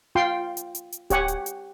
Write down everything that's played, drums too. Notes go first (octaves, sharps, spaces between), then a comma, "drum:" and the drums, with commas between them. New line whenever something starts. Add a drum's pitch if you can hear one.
F4 F5 G5 C6
drum: hi-hat
drum: hi-hat
drum: hi-hat
G4 C#5 F#5 G#5, drum: kick D1, hi-hat
drum: hi-hat
drum: hi-hat